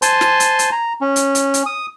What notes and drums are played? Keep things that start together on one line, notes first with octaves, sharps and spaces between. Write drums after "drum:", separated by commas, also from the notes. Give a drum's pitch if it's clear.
C5 G#5 A5 C6, drum: hi-hat
drum: snare
drum: hi-hat
drum: hi-hat
A#5
C#4
drum: hi-hat
drum: hi-hat
drum: hi-hat
D#6